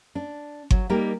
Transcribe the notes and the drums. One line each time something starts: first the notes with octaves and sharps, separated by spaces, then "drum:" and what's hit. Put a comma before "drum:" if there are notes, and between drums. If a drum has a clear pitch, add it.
D4
F#3, drum: kick G1
G3 A#3 D#4 G4 A#4